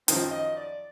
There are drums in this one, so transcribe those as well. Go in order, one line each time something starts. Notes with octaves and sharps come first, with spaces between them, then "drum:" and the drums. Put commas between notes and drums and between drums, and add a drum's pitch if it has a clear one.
F#2 D#3 F3 C4, drum: hi-hat
D#5
D5